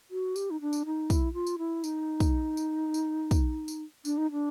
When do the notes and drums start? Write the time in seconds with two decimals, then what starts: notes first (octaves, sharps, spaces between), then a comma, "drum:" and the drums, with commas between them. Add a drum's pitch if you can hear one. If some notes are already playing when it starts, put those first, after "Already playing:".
0.11 F#4
0.36 G4, drum: tambourine
0.50 D#4
0.61 D4
0.73 drum: tambourine
0.85 D#4
1.10 E4, drum: kick, tambourine
1.34 F4
1.47 drum: tambourine
1.58 E4
1.84 D#4, drum: tambourine
2.20 drum: kick, tambourine
2.57 drum: tambourine
2.94 drum: tambourine
3.31 drum: kick, tambourine
3.68 drum: tambourine
4.05 D4, drum: tambourine
4.17 D#4
4.32 D4